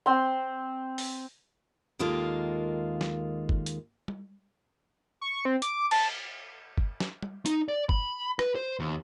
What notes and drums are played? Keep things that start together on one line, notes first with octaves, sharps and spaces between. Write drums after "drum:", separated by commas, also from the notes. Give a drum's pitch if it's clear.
C4 C6
drum: open hi-hat
D#2 D#3 G#3 A#3 F4 A4
drum: snare
drum: kick G1
drum: hi-hat
drum: tom G3
C#6
C4
D6, drum: hi-hat
A5, drum: cymbal
drum: kick G1
drum: snare
drum: tom G3
D#4, drum: hi-hat
D5
B5, drum: kick G1
B4, drum: rim click
C5
D#2